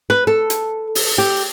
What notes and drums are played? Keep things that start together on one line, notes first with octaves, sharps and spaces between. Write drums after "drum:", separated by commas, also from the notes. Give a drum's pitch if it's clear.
B4
A4
drum: hi-hat
drum: open hi-hat
G4